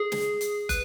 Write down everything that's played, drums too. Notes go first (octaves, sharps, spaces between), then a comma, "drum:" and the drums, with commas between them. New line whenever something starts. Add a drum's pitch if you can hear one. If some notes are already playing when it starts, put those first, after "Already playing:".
Already playing: G#4
drum: snare
drum: hi-hat
B4, drum: kick, hi-hat